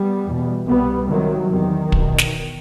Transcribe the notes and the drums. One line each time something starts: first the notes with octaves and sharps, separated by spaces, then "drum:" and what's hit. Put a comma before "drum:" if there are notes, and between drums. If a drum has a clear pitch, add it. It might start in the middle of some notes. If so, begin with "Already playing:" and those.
Already playing: G3 B3
E2 B2
C2 C3 G3 B3
C2 C3 D#3 F#3
E2 C3 D#3
E2 B2, drum: kick
drum: snare